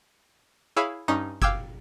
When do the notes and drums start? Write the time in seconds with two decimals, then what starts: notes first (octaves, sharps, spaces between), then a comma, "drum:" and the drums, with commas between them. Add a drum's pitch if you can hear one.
0.77 E4 G#4 C#5 E5 F5 B5
1.08 G2 C#4 D#4 D#7
1.42 F5 G5 D6 E6 G#6, drum: kick F#1